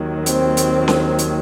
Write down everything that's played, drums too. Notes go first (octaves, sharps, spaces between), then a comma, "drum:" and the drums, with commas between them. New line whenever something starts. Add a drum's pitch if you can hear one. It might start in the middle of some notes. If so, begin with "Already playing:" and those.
Already playing: D#2 D#3 F#3
C4, drum: hi-hat
drum: hi-hat
drum: snare C#4
drum: hi-hat